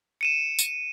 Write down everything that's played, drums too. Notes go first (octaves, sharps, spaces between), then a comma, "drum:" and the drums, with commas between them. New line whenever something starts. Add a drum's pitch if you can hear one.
C#7 D#7 E7
drum: tambourine